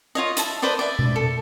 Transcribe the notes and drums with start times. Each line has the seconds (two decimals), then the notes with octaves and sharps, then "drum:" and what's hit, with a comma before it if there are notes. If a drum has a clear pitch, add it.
0.15 F4 C#5 D#5
0.37 E4 E5 A5, drum: hi-hat
0.62 B4 C5 D5 D#5
0.79 D5 E5
0.99 drum: tom B2
1.16 A4